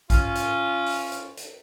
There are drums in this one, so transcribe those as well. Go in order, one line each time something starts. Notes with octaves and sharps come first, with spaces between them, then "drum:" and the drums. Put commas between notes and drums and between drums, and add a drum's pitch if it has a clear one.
C#4 F4, drum: kick A#1, hi-hat
drum: hi-hat
drum: open hi-hat
drum: hi-hat
drum: hi-hat